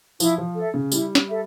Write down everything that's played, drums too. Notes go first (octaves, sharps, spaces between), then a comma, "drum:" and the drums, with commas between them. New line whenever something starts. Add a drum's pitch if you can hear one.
F3 E4, drum: tambourine
F3
A4 E5
C#3
G3 E4, drum: tambourine
drum: snare
A4 E5